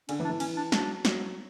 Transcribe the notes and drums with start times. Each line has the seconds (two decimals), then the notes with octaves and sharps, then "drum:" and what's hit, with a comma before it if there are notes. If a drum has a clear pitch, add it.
0.09 D3 C#4, drum: cymbal
0.20 E3
0.25 D4
0.30 E3
0.40 C#4, drum: cymbal
0.57 D4
0.72 F#3 D4, drum: snare
1.05 F#3, drum: snare